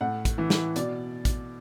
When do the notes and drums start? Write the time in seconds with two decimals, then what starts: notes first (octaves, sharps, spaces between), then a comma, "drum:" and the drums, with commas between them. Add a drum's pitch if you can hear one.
0.01 A2 F#5
0.25 drum: kick, hi-hat
0.38 E3
0.50 drum: snare
0.76 B2 D5, drum: hi-hat
1.25 drum: kick, hi-hat